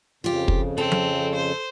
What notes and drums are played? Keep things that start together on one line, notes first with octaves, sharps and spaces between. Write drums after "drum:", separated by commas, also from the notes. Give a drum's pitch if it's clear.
F2 C#3 F4 G4
drum: kick
C4 A4
drum: tom F3
C5